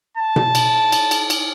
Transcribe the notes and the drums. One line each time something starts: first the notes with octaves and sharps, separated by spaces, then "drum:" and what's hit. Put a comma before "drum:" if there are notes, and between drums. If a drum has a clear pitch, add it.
A5
drum: tom B2
drum: cymbal
drum: cymbal
drum: cymbal
drum: cymbal